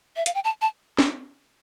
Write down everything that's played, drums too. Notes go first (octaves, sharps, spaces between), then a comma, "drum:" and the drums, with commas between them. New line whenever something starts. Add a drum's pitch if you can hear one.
E5
F5, drum: hi-hat
G5
A5
A5
drum: snare